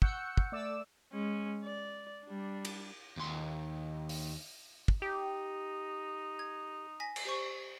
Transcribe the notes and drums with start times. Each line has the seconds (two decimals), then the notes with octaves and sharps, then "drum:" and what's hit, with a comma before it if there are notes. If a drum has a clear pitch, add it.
0.02 F#5 C#6 E6 F#6 G6 C#7, drum: kick
0.37 drum: kick
0.52 A3 D5 D6 E6 E7
1.13 G#3 C#4
1.64 D5
2.24 G3 D4
2.65 drum: cymbal
3.17 D#2 C6
4.09 drum: open hi-hat
4.88 drum: kick
5.02 D#4 G4
6.39 G#6
7.00 G#5 A#6 B6
7.16 drum: cymbal
7.25 G4 C5 C#6